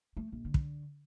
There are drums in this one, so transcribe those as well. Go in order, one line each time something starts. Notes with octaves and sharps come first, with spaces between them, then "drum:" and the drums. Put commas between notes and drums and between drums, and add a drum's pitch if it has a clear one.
A3
A#1
D3
drum: kick